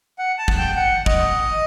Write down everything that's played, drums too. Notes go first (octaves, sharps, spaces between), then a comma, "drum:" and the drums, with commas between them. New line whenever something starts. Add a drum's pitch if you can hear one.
F#5
A5
drum: kick
G5
F#5
D#5, drum: kick